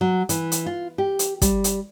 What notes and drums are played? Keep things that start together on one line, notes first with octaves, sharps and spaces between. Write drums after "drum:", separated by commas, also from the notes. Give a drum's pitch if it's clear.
F#3
E3, drum: hi-hat
drum: hi-hat
F4
G4
drum: hi-hat
G3, drum: kick, hi-hat
drum: hi-hat